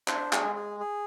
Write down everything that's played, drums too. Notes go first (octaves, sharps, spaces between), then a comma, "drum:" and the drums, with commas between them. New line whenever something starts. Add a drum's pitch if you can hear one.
D4 C5, drum: clap
G#4, drum: clap
G#3
G#4
G#4